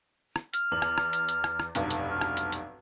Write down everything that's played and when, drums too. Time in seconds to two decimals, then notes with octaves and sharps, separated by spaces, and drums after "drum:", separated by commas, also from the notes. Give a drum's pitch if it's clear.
0.36 drum: rim click
0.54 F6, drum: hi-hat
0.71 E2 F#7
0.82 drum: rim click
0.98 drum: rim click
1.13 drum: hi-hat
1.29 drum: hi-hat
1.44 drum: rim click
1.60 drum: rim click
1.75 F1 B1 G2, drum: hi-hat
1.91 drum: hi-hat
2.11 F6
2.21 drum: rim click
2.37 drum: hi-hat
2.52 drum: hi-hat